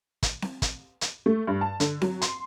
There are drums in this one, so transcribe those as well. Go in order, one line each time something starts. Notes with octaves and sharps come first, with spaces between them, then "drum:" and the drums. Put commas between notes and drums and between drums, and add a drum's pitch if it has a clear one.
drum: kick, hi-hat
drum: snare C4
drum: kick, hi-hat
drum: hi-hat
A3
G2
A5
D3, drum: hi-hat
F#3, drum: snare C4
C6, drum: hi-hat